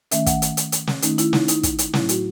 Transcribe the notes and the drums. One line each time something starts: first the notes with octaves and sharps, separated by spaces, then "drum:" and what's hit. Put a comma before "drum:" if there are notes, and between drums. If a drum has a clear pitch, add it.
D#3 A3 C#4 E5, drum: hi-hat
F#5, drum: kick, hi-hat
drum: hi-hat
drum: hi-hat
drum: hi-hat
drum: snare
D#3 A3 C#4 D#4, drum: hi-hat
E4, drum: hi-hat
D#4, drum: snare
D#4, drum: hi-hat
drum: kick, hi-hat
drum: hi-hat
A2 F#3 A3 E4, drum: snare
F#4, drum: hi-hat